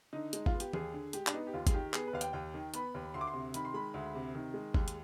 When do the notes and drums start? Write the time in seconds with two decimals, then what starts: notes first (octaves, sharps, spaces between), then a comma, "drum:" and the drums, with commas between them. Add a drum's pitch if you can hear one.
0.13 D3 D#4
0.33 G#3 D#4, drum: hi-hat
0.46 F4, drum: kick G#1
0.53 B3
0.60 G4, drum: hi-hat
0.73 D#2 G#4, drum: tom E3
0.94 D3
1.13 G#3 G4, drum: hi-hat
1.27 D4, drum: clap
1.33 B3 D#4
1.47 G4
1.54 D#2 F4
1.67 G#4, drum: kick G#1, hi-hat
1.74 D#3 G4
1.94 B3 G#4, drum: clap
2.07 B4
2.13 D#2 F5
2.21 G5, drum: hi-hat
2.33 D#2 G5
2.54 D#3
2.74 B3 B5, drum: hi-hat
2.95 D#2
3.14 D2 C6
3.21 D6
3.27 C6
3.33 C3
3.54 D#3 B5, drum: hi-hat
3.65 C6
3.74 G#3 B5
3.94 D2
4.15 C3
4.35 D#3
4.54 G#3
4.74 D#2, drum: kick G#1
4.88 drum: hi-hat